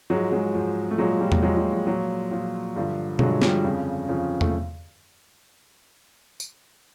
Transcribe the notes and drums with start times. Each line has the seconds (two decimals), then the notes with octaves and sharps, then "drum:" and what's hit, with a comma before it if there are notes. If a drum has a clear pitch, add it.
0.10 G#2 F3 F#3 G#3
0.32 F#3 G#3
0.55 G#2 F3
0.91 A3
0.98 A#2 F3 F#3 G#3
1.20 F3 G3
1.32 drum: tom E2
1.42 A#2 F3 F#3 G#3
1.57 F#3
1.72 F3
1.87 A#2 F3 F#3
2.31 A#2 F3
2.76 G2 D3 F3
3.19 G2 D3 F3 F#3 G#3, drum: tom B2
3.42 F3 G3, drum: snare
3.64 F2 C#3 F3
4.08 F2 C#3 F3
4.41 A3, drum: tom E2
6.40 drum: tambourine